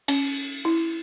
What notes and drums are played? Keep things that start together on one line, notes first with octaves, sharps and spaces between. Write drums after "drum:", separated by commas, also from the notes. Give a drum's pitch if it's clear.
C#4, drum: cymbal
E4